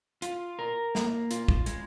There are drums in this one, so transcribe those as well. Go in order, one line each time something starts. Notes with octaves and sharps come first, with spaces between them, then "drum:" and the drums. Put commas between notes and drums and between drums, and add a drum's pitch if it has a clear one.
F4, drum: hi-hat
A#4
A#3, drum: snare
F4, drum: hi-hat
drum: kick
G#3, drum: hi-hat